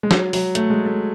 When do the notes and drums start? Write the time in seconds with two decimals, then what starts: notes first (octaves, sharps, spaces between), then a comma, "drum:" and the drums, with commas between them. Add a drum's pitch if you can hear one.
0.03 G#3
0.11 F#3, drum: snare
0.33 F#3, drum: open hi-hat
0.55 A3, drum: hi-hat
0.70 G#3
0.86 A3